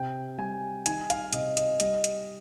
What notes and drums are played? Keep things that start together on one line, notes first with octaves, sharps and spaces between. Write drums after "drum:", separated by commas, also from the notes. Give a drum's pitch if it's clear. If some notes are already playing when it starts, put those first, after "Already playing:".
Already playing: C3 G5
G3 G#5
D#3 G#5, drum: hi-hat
F5, drum: hi-hat
C3 D#5, drum: hi-hat
D#5, drum: hi-hat
G3 D#5, drum: hi-hat
drum: hi-hat